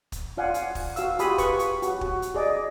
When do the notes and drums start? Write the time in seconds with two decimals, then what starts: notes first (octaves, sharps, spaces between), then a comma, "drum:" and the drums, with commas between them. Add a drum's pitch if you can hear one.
0.12 drum: kick, hi-hat
0.37 F4 D5 F5 F#5 G#5
0.54 drum: hi-hat
0.75 drum: kick, open hi-hat
0.96 F#4 F5 E6, drum: hi-hat
1.19 F4 G4 G#4 G#5 B5 D#6, drum: hi-hat
1.38 B4 C#6, drum: kick, hi-hat
1.59 drum: hi-hat
1.82 F#4, drum: hi-hat
2.01 drum: kick
2.22 drum: hi-hat
2.34 G#4 D5 D#5